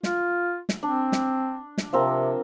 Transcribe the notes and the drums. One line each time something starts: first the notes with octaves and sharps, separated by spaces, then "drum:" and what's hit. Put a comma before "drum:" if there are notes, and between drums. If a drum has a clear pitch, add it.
F4, drum: snare
drum: snare
C4 D4
drum: snare
drum: snare
C3 F3 C4 A#4